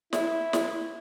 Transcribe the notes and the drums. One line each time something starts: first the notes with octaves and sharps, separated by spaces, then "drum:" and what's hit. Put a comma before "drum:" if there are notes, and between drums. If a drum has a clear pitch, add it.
E4, drum: snare
drum: snare